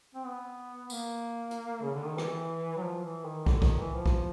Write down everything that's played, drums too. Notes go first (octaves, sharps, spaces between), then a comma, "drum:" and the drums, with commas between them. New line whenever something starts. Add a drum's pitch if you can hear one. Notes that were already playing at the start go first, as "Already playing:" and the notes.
C4
B3
A#3, drum: tambourine
drum: hi-hat
C#3
D3
D#3
E3, drum: rim click
F#3
F3
E3
D#3
D3, drum: kick
D#3, drum: kick
E3
F3
drum: kick